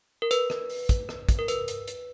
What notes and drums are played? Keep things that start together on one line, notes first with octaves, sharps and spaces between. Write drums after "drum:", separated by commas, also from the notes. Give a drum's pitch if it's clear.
A#4
B4, drum: hi-hat
drum: rim click
drum: open hi-hat
drum: kick, hi-hat
drum: rim click
drum: kick, hi-hat
A#4
B4, drum: hi-hat
drum: hi-hat
drum: hi-hat